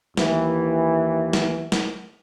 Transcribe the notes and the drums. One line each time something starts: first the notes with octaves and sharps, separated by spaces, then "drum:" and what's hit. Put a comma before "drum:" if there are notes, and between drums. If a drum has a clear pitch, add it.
D#2 E3, drum: snare
drum: snare
drum: snare